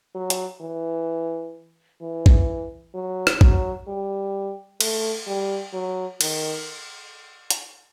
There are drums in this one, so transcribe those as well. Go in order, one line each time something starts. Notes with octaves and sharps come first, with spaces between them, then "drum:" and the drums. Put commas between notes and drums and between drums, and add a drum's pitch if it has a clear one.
F#3
drum: hi-hat
E3
E3
drum: kick
F#3
drum: rim click
F#3, drum: kick
G3
A3, drum: cymbal
G3
F#3
D#3, drum: cymbal
drum: hi-hat